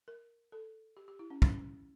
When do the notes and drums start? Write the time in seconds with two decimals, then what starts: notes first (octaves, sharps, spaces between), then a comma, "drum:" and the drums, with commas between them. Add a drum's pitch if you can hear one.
0.08 A#4
0.52 A4
0.97 G4
1.08 G4
1.19 E4
1.30 C#4
1.42 C#4, drum: kick